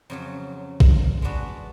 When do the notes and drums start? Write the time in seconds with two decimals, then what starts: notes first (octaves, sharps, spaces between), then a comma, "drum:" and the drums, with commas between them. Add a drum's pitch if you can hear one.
0.10 F2 C#3 F#3
0.80 drum: kick A1
1.22 G#3 B3 D4 F#4 B4